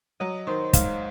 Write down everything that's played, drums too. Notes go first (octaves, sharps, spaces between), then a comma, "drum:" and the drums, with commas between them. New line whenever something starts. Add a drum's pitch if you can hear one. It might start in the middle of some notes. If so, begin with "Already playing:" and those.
F#3 D#5
D#3 C5
G#2 F5, drum: kick, hi-hat